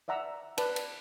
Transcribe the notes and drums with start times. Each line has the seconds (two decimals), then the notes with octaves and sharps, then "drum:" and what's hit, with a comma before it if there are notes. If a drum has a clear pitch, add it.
0.08 D5 E5 F#5 A#5 E6
0.58 B4 D5 A5, drum: cymbal
0.76 drum: cymbal